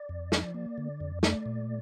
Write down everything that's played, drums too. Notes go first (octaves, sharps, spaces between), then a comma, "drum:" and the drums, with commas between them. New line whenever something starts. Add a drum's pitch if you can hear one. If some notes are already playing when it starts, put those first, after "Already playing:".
Already playing: D5
F2
F3, drum: snare
A#3
D3
F2
A3 D5, drum: snare
A#2